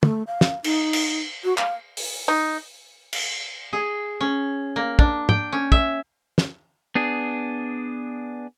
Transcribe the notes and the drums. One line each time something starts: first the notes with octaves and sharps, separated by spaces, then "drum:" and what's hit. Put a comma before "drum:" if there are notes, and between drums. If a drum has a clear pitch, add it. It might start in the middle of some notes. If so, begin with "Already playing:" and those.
A3, drum: tom
F5
drum: snare
D#4, drum: cymbal
drum: cymbal
F#4
F5, drum: clap
drum: open hi-hat
D#4
drum: cymbal
G#4
C#4
A#3
D4, drum: kick
G5, drum: tom
C#4
E5, drum: kick
drum: snare
B3 D4 G#4